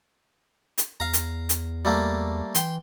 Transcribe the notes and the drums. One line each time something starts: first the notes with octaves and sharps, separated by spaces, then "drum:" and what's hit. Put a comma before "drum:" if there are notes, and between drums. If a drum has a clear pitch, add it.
drum: hi-hat
E2 F5 A#5
drum: hi-hat
drum: hi-hat
G3 A3 A#3
E3 G5 C6, drum: hi-hat